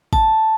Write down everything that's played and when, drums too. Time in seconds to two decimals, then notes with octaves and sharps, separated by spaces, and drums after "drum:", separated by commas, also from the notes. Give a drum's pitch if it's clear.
0.13 A5, drum: kick G#1